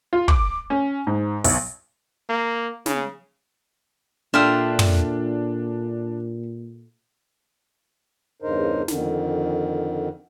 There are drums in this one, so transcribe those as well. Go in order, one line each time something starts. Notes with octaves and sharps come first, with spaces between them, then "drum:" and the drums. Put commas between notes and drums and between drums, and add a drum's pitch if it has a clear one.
F4
D6, drum: kick
C#4
G#2
B1, drum: open hi-hat
A#3
C#3, drum: snare
A#2 D4 F4 A4 E5 G5 D#6 F6
drum: tom
E2 G2 C#3 D#4 A#4 C5
F2 D3 D#3, drum: snare